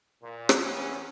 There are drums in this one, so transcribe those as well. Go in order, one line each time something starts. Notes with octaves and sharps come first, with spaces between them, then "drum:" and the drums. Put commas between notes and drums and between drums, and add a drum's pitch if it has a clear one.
A#2
drum: rim click
E2 C#4